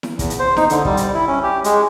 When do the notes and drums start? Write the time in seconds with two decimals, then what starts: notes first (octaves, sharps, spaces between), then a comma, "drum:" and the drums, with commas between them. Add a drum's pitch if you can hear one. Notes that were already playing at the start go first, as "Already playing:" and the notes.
0.03 drum: snare E4
0.19 E2, drum: kick, hi-hat
0.30 drum: hi-hat
0.39 C5
0.57 D#4, drum: snare E4
0.70 D3, drum: hi-hat
0.85 G3, drum: kick
0.97 drum: hi-hat
1.14 E4
1.28 C#4
1.43 G4
1.64 G#3, drum: hi-hat